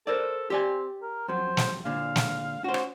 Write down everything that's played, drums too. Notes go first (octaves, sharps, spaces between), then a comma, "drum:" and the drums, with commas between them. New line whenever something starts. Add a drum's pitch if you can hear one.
A4 A#4 C5 D5
C4 G4 D5 G#5
A#4
F2 F#3 C5
drum: snare
A#2 D3 F5
drum: snare
C#4 F#4 C5
drum: rim click